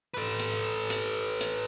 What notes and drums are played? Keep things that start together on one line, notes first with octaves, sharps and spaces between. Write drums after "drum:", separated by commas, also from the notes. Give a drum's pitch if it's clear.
A4 B4
drum: hi-hat
drum: hi-hat
drum: hi-hat